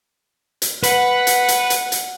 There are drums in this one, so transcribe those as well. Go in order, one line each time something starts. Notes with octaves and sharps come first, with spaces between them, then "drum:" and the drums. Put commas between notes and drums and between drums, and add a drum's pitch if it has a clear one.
drum: hi-hat
B4 F#5, drum: hi-hat
drum: hi-hat
drum: hi-hat
drum: hi-hat
drum: hi-hat